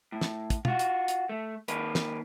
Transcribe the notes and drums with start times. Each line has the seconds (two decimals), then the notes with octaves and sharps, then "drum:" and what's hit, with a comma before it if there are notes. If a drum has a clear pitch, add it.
0.12 A2
0.21 drum: snare
0.50 drum: kick, hi-hat
0.65 F4 F#4, drum: tom
0.79 drum: hi-hat
1.08 drum: hi-hat
1.29 A3
1.68 D#3 A#3 B4, drum: hi-hat
1.95 drum: snare